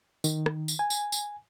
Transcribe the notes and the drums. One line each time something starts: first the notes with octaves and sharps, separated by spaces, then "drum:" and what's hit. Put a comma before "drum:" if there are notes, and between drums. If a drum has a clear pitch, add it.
D#3, drum: tambourine
drum: rim click
drum: tambourine
G#5
drum: tambourine
drum: tambourine